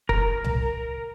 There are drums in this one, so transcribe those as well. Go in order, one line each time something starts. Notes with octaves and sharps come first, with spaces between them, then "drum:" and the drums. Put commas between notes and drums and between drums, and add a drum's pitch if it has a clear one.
A#4, drum: kick
drum: tom C2